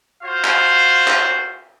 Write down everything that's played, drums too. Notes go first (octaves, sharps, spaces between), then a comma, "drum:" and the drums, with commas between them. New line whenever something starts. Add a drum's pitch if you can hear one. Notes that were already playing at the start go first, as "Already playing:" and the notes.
F4 F#4 C5 F5
drum: clap
drum: clap